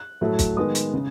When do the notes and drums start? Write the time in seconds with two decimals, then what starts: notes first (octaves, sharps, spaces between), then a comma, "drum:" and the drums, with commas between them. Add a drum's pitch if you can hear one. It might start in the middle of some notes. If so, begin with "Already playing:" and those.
Already playing: F#6
0.21 A2 F#3 A3
0.39 drum: kick, hi-hat
0.57 D#3 G#3 B3 D#6
0.75 drum: hi-hat
0.94 C#3